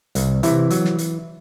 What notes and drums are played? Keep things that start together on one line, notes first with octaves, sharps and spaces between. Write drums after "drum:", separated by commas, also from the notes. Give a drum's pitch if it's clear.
C2, drum: hi-hat
C3 E3 E4, drum: hi-hat
F#3, drum: hi-hat
drum: snare
drum: hi-hat